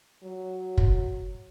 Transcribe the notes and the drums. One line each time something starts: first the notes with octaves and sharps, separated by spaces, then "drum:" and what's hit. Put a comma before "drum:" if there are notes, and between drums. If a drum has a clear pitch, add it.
F#3
drum: kick